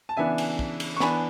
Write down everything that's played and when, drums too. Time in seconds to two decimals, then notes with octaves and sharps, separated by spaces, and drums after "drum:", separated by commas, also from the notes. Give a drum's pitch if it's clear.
0.09 A5
0.17 C#3 E3 B3 D4 E5 G#5
0.38 drum: cymbal
0.59 drum: kick
0.80 drum: cymbal
0.96 C#6
1.00 E3 B3 D4 G#5 B5, drum: snare